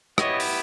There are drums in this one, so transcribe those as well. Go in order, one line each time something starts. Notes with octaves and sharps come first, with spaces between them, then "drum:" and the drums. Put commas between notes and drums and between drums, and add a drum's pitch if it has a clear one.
B3 E4 G4 C#5 D#5, drum: rim click
drum: open hi-hat